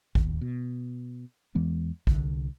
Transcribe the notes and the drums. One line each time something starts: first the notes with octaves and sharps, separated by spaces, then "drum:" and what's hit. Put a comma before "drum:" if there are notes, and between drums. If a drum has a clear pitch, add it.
D1 D#2, drum: kick
B2
E2 E3 G#3 B3
C2 D3, drum: kick